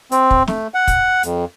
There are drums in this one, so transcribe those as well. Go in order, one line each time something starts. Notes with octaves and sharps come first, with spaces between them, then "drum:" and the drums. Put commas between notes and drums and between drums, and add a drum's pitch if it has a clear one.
C4, drum: hi-hat
drum: kick
A3, drum: snare
F#5
drum: kick, hi-hat
F2, drum: hi-hat